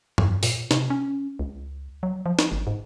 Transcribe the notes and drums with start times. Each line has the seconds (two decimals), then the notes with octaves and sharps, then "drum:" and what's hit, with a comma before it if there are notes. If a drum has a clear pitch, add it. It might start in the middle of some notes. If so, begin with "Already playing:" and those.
0.18 F2, drum: tom G2
0.43 A#2, drum: open hi-hat
0.71 C3, drum: snare
0.90 C#4
1.39 C#2
2.03 F#3
2.26 F3
2.39 drum: snare
2.52 G1
2.67 G#2